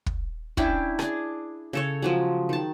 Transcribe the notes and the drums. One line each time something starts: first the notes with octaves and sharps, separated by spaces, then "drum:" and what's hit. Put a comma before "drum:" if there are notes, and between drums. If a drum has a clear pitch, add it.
drum: kick
C#4 D4 E4 G5, drum: kick
D4 G#4, drum: rim click
C#3 A4 C#5
F3 F#3 G#3
D#3 A5